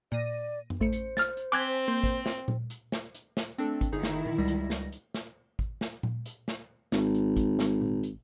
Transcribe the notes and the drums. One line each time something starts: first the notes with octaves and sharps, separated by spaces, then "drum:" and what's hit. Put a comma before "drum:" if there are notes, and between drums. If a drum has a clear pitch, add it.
A#2 D5 A#6 D#7
drum: tom F#2
A1 A3 C5 C#7
drum: hi-hat
F6 A6, drum: snare
drum: hi-hat
C4 G#5 D6 F#6 G#6 B6
A#3 C6 G6
drum: kick G#1, hi-hat
drum: snare
drum: tom A#2
drum: hi-hat
drum: snare
drum: hi-hat
drum: snare
A3 C4 D4 A4, drum: hi-hat
drum: kick G#1, hi-hat
G1 D#3 D#4 E4 G#4
drum: snare
drum: tom A#2
C#2 G3 A#6
drum: hi-hat
drum: snare
drum: hi-hat
drum: snare
drum: kick G#1
drum: snare
drum: tom A#2
drum: hi-hat
drum: snare
G#1, drum: snare
drum: hi-hat
drum: kick G#1, hi-hat
drum: snare
drum: tom A#2
drum: hi-hat